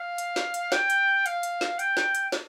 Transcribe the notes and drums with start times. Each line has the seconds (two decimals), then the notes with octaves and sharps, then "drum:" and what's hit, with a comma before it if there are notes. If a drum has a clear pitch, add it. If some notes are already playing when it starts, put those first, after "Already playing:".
Already playing: F5
0.18 drum: hi-hat
0.36 drum: snare
0.54 drum: hi-hat
0.72 G5, drum: snare
0.90 drum: hi-hat
1.26 F5, drum: hi-hat
1.43 drum: hi-hat
1.61 drum: snare
1.79 G5, drum: hi-hat
1.97 drum: snare
2.15 drum: hi-hat
2.32 drum: snare